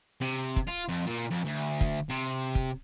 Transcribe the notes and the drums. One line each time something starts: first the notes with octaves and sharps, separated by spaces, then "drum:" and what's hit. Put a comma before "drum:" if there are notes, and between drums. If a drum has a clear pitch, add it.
C3
drum: kick
F4
F2
A#2
F2
D2
drum: kick
C3
drum: kick